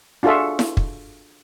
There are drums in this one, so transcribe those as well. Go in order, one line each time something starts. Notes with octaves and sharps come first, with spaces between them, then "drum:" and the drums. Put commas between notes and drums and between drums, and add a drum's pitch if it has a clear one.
D4 F4 F#4 G#4 A4 E5
drum: snare E4
drum: kick